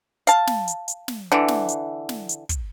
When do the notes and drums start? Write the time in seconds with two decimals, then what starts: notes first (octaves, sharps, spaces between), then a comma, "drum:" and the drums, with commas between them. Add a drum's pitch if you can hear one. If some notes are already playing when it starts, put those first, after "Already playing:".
0.27 F5 A5, drum: hi-hat
0.47 drum: snare
0.68 drum: hi-hat
0.88 drum: hi-hat
1.08 drum: snare
1.32 D3 E3
1.48 drum: snare
1.68 drum: hi-hat
2.09 drum: snare
2.29 drum: hi-hat
2.49 drum: kick, hi-hat